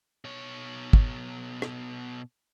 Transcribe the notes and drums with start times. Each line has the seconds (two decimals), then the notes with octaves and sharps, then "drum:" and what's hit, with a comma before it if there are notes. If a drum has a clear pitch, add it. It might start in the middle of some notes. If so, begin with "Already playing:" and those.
0.25 B2 C#5
0.93 drum: kick
1.62 drum: rim click